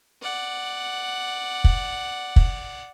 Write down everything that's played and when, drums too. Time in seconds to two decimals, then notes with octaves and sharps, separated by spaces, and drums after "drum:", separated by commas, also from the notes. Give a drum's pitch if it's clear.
0.22 D5 F#5
1.64 drum: kick
2.36 drum: kick